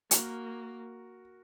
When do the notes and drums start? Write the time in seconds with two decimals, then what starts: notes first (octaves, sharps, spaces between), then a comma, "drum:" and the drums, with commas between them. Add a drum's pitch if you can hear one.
0.11 A#3 F#4 A#4, drum: hi-hat